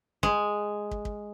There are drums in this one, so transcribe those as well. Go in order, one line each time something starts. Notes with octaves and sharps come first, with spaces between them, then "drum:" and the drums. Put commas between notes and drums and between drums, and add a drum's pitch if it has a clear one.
G#3, drum: kick
drum: kick
drum: kick